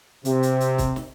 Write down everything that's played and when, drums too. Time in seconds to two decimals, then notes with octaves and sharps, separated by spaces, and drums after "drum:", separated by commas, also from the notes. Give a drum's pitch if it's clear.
0.25 C3, drum: hi-hat
0.43 drum: hi-hat
0.60 drum: hi-hat
0.78 drum: kick, hi-hat
0.96 drum: snare